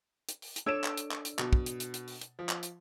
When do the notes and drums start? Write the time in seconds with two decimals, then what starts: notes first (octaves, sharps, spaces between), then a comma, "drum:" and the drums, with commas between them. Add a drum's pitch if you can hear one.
0.29 drum: hi-hat
0.42 drum: open hi-hat
0.56 drum: hi-hat
0.66 D4 A4 C#5 E6 D7 E7
0.84 drum: clap
0.97 drum: hi-hat
1.11 drum: clap
1.25 drum: hi-hat
1.39 B2, drum: clap
1.53 drum: kick
1.66 drum: hi-hat
1.80 drum: hi-hat
1.94 drum: hi-hat
2.08 drum: open hi-hat
2.21 drum: hi-hat
2.39 F3
2.49 drum: clap
2.63 drum: hi-hat